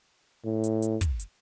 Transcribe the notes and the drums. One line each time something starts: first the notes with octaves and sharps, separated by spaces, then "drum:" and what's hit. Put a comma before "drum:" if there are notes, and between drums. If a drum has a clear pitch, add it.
A2
drum: hi-hat
drum: hi-hat
drum: kick, hi-hat
drum: hi-hat